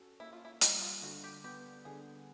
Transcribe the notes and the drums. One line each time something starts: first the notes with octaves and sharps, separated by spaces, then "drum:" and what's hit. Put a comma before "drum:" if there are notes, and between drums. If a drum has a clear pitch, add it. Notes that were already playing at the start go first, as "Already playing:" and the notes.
Already playing: C#4 F#4 A4
A#3 E4
F4
E4
G3, drum: hi-hat
F4
D3 F#4
G4
B3 G4
D3 G#4